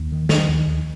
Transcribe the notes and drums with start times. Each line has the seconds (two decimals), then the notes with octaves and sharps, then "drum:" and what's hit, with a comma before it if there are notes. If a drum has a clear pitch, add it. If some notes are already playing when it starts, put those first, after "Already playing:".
Already playing: D#2
0.12 D#3
0.29 D#3, drum: snare
0.48 D#2
0.67 D#2